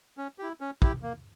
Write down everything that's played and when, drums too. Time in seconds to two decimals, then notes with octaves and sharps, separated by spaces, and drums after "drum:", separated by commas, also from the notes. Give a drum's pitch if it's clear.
0.17 C#4
0.39 E4 G4
0.61 C#4
0.82 E4 G4, drum: kick
1.03 A#3